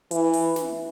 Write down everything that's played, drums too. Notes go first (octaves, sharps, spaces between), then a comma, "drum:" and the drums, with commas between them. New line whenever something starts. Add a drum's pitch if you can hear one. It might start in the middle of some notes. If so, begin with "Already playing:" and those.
E3, drum: hi-hat
drum: open hi-hat
drum: snare